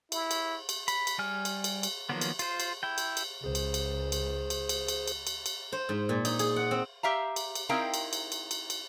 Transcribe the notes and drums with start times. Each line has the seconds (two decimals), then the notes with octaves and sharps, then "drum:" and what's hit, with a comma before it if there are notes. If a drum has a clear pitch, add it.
0.12 E4, drum: cymbal
0.31 drum: cymbal
0.69 drum: cymbal
0.88 B5, drum: cymbal
1.07 drum: cymbal
1.18 G3 G#5 F6
1.45 drum: cymbal
1.64 drum: cymbal
1.83 drum: cymbal
2.09 D#3 F3 F#3 A#3 B3
2.21 drum: cymbal
2.39 F4 C5, drum: cymbal
2.60 drum: cymbal
2.83 E4 G5
2.98 drum: cymbal
3.17 drum: cymbal
3.44 C#2 G#4 C5
3.55 drum: cymbal
3.74 drum: cymbal
4.12 drum: cymbal
4.50 drum: cymbal
4.69 drum: cymbal
4.88 drum: cymbal
5.08 drum: cymbal
5.27 drum: cymbal
5.46 drum: cymbal
5.72 C5
5.89 G#2
6.09 A#2
6.25 D#4, drum: cymbal
6.39 G#4, drum: cymbal
6.56 F#5
6.71 C4
7.03 G4 E5 F5 A#5
7.36 drum: cymbal
7.55 drum: cymbal
7.69 C4 D#4 E4 A#4 F5 G5
7.94 drum: cymbal
8.13 drum: cymbal
8.32 drum: cymbal
8.51 drum: cymbal
8.70 drum: cymbal